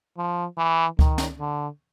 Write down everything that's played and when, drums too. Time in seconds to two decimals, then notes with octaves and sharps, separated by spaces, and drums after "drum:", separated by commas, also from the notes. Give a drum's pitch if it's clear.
0.17 F3
0.58 E3
0.99 D#3, drum: kick C#2
1.18 drum: snare
1.39 D3